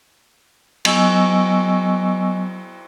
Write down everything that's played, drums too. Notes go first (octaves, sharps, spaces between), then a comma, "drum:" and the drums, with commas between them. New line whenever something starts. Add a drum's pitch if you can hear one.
F#3 B3 D#5 G#5 C#6 E6, drum: cymbal